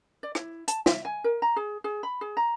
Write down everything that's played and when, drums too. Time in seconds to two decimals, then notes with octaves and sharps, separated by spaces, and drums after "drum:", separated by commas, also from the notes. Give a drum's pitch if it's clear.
0.23 D5
0.35 E4, drum: rim click
0.68 A5, drum: hi-hat
0.86 E5, drum: snare
1.05 G#5
1.24 A#4
1.42 A#5
1.56 G#4
1.84 G#4
2.03 B5
2.21 G#4
2.37 A#5